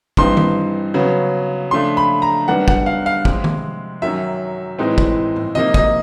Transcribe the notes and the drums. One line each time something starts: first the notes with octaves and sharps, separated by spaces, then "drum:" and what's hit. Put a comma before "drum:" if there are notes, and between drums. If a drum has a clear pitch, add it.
G2 E3 G3 C4 D#4 C6, drum: kick
drum: tom D#3
C#3 F#3 B3
C#3 F3 A3 D4 C6
B5
A#5
F#2 D#3 G3 B3 D4 F#5
F#5, drum: kick
F5
F5
C3 F3 G#3 C4, drum: kick
drum: tom D#3
F#2 D#3 F#3 E5
A2 E3 G#3 C4 D#4
drum: kick
drum: tom G#2
C3 F3 A#3 D#4 D#5
D#5, drum: kick